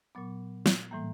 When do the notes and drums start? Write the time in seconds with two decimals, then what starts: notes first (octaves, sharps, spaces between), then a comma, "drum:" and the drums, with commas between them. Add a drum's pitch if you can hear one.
0.15 A#2 F#3 B3 D6
0.66 drum: snare
0.91 A2 E3 G3 A#3